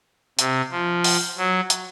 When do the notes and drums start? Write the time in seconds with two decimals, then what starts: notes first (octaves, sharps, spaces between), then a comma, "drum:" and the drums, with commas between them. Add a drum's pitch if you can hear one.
0.39 C3, drum: hi-hat
0.71 F3
1.04 drum: open hi-hat
1.38 F#3
1.70 drum: hi-hat